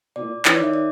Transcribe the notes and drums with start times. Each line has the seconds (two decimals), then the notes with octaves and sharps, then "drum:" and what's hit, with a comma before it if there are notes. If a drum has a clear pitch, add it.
0.16 B2 D5
0.22 A2
0.26 A#2
0.45 E3 C#5, drum: clap
0.55 D5
0.60 D#3 E5
0.74 D5